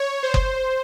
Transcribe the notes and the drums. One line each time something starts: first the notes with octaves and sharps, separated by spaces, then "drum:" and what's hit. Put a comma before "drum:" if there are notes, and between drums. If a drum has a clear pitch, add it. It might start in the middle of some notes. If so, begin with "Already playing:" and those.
Already playing: C#5
C5
drum: kick F#1